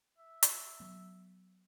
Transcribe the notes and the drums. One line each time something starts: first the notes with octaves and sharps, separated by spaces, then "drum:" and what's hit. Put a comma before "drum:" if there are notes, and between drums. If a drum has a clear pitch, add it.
E5
drum: hi-hat
F#3 B3